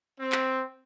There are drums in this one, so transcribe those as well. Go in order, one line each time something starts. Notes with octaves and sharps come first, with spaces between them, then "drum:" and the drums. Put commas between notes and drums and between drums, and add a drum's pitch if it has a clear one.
C4
drum: clap